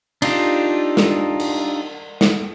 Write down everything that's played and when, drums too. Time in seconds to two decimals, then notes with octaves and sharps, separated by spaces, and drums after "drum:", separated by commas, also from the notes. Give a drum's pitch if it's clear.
0.22 D4 D#4 F4 G4 A4, drum: cymbal
0.97 drum: snare
1.40 drum: cymbal
2.21 drum: snare